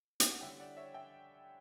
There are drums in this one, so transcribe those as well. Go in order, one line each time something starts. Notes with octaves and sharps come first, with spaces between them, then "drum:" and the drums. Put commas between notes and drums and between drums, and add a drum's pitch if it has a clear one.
E5, drum: hi-hat
F#5
D3 G3 C#4 E4 E5 G5
D5 F#5
C#5 E5
E5 G5